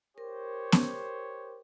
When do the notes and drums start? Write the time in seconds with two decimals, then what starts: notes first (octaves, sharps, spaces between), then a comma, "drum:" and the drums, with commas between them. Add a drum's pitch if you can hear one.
0.18 G4 A#4 C5 C#5
0.72 drum: snare B3